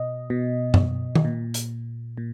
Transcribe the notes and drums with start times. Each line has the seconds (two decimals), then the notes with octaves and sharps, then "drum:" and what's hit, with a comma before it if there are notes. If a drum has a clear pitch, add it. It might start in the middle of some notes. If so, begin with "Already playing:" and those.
Already playing: B2 D#5
0.30 B2
0.74 drum: tom F#2
1.15 drum: tom D#3
1.25 A#2
1.54 drum: hi-hat
2.18 A#2